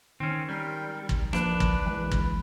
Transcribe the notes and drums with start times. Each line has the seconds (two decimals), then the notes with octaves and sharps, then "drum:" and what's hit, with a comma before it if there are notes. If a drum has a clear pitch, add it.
0.20 D#3 C4 C#4
0.49 G3 A#4 G5
1.09 drum: kick
1.33 F3 A#3 D4 B4, drum: rim click
1.60 drum: kick
1.86 E3 G#3
2.11 drum: kick